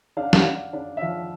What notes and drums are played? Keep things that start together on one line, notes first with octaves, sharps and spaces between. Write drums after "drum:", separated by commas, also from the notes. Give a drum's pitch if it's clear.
D4 F5
F#5
F5, drum: snare
D4
D4
E5
F3 F5